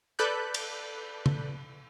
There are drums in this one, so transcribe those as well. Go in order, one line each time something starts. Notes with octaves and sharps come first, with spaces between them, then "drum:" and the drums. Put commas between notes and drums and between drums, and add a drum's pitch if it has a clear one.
A4 B4 D5 B5 F#6 G6
drum: cymbal
drum: tom